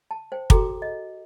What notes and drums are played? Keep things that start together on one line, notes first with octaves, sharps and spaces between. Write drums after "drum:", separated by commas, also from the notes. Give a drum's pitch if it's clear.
A5
C5 G5
F#4 G#4 A4 G5 A#5 D6, drum: kick
D#5